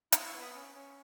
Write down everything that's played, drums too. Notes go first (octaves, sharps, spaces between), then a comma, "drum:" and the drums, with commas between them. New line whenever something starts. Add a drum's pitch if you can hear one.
E4 D#6 F#6, drum: hi-hat
C#6 E6
B3
B5 D#6
C#4
C#4